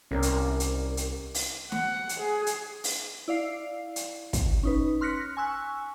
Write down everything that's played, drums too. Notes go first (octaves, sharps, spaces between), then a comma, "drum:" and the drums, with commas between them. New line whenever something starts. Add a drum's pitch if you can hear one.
C2 C#4 A#4 D5
drum: hi-hat
drum: hi-hat
drum: hi-hat
drum: open hi-hat
F#5, drum: snare
drum: hi-hat
G#4
drum: hi-hat
drum: open hi-hat
E4 D5 F5 C7
drum: hi-hat
drum: kick, hi-hat
C#4 D#4 B4
C6 F6 F#6 A#6 B6 C#7
G#5 C#6 E6 F#6